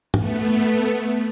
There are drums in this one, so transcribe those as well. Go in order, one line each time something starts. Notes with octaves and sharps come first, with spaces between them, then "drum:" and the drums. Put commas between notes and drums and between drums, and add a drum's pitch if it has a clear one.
A3 B3, drum: tom